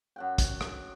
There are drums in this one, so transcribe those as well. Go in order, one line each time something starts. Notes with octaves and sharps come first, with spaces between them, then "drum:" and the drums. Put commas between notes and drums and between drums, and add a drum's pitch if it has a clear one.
F#2 F#5 G5
drum: kick, hi-hat
drum: rim click